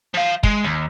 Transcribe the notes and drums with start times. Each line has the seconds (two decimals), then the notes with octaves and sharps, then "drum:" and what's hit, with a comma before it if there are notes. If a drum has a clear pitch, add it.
0.14 F3 F5
0.43 G#3, drum: kick
0.64 D#2